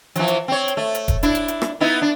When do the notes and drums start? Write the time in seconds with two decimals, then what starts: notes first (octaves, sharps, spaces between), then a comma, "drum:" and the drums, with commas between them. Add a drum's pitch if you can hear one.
0.16 E3 F3, drum: hi-hat
0.28 drum: hi-hat
0.48 C4 C#5
0.68 drum: hi-hat
0.77 A3
0.95 drum: hi-hat
1.08 drum: kick E1, hi-hat
1.23 D4 E4, drum: hi-hat
1.35 drum: hi-hat
1.48 drum: hi-hat
1.62 drum: rim click
1.80 B3 D#4 E4
2.02 D4